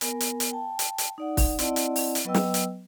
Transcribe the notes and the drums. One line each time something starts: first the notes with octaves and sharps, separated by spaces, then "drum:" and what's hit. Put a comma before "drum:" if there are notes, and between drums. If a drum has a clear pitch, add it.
B3 A#4 G#5, drum: hi-hat
drum: hi-hat
drum: hi-hat
G5 A5
drum: hi-hat
drum: hi-hat
D#4 D5 F#5
drum: kick, open hi-hat
C4 E4 D5 D#5 F#5 A5, drum: hi-hat
drum: hi-hat
drum: open hi-hat
drum: hi-hat
F#3 B3 B4 D#5 G5 E6
drum: snare
drum: hi-hat